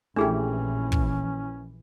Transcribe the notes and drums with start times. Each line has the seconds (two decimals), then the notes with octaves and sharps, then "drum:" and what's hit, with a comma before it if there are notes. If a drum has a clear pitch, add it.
0.16 A#1 E3 A3 C#4 D4 E4 G4 G#4
0.92 drum: kick